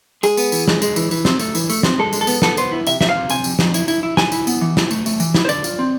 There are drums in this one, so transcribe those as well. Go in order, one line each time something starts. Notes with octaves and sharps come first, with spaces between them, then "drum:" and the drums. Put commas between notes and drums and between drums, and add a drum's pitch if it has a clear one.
G#3 G#4, drum: tambourine
B3, drum: tambourine
E3, drum: tambourine
G#3, drum: snare
G#3, drum: tambourine
E3, drum: tambourine
E3, drum: tambourine
C4, drum: snare
A3, drum: tambourine
E3, drum: tambourine
A3, drum: tambourine
C4, drum: snare
G#3 A4
G#3, drum: tambourine
A4
B3, drum: tambourine
B3 A4, drum: snare
B3 C5, drum: tambourine
E4
C3 E5, drum: tambourine
C3 E5, drum: snare
F5
C3
C3 G#5, drum: tambourine
F2, drum: tambourine
F2, drum: snare
E4, drum: tambourine
E4, drum: tambourine
E4
E4 G#5, drum: snare
E4, drum: tambourine
B3, drum: tambourine
E3
E4, drum: snare
A3, drum: tambourine
A3, drum: tambourine
E3, drum: tambourine
E4, drum: snare
C5
D3 D5, drum: tambourine
F4, drum: tambourine
C4